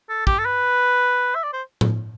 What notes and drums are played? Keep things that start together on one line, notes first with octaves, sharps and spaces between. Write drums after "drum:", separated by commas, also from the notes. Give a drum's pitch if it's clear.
A4
G4, drum: kick
A4
B4
E5
D5
C5
drum: tom A2